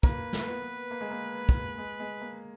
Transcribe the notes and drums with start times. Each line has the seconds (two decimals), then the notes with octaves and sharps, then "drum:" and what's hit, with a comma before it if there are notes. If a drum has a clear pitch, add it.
0.03 A#3 B4, drum: kick
0.33 drum: snare
0.47 B3
0.91 A#3
1.01 G#3
1.11 A#3
1.49 drum: kick
1.78 G#3
2.00 G#3
2.21 A#3